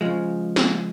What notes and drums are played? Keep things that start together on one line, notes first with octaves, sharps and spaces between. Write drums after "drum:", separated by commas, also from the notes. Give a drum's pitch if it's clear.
C#3 F3 G#3
drum: snare